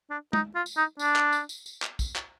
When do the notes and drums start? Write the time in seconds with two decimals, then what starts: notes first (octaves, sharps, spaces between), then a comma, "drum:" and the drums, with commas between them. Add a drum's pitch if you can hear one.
0.10 D4
0.33 D#4, drum: tom
0.55 F4
0.66 drum: tambourine
0.77 D#4
0.99 D4, drum: tambourine
1.16 drum: clap
1.33 drum: tambourine
1.49 drum: tambourine
1.66 drum: tambourine
1.82 drum: clap
1.99 drum: kick, tambourine
2.16 drum: clap